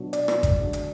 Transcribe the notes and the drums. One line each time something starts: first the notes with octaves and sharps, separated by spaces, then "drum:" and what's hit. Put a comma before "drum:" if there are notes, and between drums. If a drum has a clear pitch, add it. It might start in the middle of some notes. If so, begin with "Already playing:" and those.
Already playing: B2 F#3 D4 F#4
D5, drum: hi-hat
drum: rim click
drum: kick G#1, hi-hat
D3 G#3 D4 F#4
drum: hi-hat